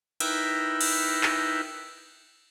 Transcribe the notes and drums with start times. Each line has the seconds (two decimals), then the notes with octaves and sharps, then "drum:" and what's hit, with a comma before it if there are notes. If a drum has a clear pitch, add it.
0.20 D#4 E4 A#4 B4 E5 G5, drum: cymbal
0.81 drum: cymbal
1.23 drum: clap